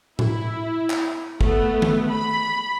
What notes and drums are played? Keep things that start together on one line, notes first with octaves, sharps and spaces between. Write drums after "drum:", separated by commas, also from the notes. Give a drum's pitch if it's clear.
E4, drum: tom A2
drum: clap
A3 B3, drum: kick
drum: tom D#3
B5